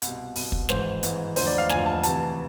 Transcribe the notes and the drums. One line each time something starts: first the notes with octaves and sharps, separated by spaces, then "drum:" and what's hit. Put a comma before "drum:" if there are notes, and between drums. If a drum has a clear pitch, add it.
C2 B2, drum: hi-hat
C2 B2, drum: open hi-hat
drum: kick
G#1 G#2 E3 C5, drum: snare
G#1 G#2 E3, drum: hi-hat
E1 D2 D3 F3 C5, drum: open hi-hat
D5
F5
E1 D2 D3 F3 G#5, drum: snare
A5
D2 C3 E3 A5, drum: hi-hat